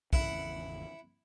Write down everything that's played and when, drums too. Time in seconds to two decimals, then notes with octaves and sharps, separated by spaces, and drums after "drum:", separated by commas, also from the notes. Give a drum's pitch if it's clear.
0.13 G#1 E2 C#3 E4 F#5, drum: kick